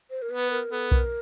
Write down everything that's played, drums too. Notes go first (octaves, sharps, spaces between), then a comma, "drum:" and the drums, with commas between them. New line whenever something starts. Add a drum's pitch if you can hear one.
C5
A#4
B3 B4
A#4
B3 A4
A#4, drum: kick B1